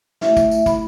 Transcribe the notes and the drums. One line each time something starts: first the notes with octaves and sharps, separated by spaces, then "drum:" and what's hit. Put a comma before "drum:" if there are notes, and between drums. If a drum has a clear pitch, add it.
A3 E4 E5, drum: snare
drum: kick, tambourine
drum: tambourine
A3 E4 B5, drum: kick, tambourine